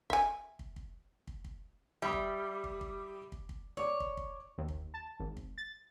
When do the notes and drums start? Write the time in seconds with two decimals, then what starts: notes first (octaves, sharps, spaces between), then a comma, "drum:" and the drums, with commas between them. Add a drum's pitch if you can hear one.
0.10 E5 G#5, drum: kick
0.59 drum: kick
0.76 drum: kick
1.27 drum: kick
1.44 drum: kick
2.02 G3 E5 B5 D#6
2.13 drum: kick
2.64 drum: kick
2.81 drum: kick
3.32 drum: kick
3.49 drum: kick
3.77 C#5 D5 D6
4.00 drum: kick
4.17 drum: kick
4.58 D#2
4.68 drum: kick
4.94 A5
5.20 G#1
5.37 drum: kick
5.58 A6